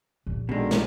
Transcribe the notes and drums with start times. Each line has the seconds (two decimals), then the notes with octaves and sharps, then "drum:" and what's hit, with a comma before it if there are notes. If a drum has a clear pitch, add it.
0.26 A#1
0.49 B2 D3 D#3 G#3
0.71 drum: snare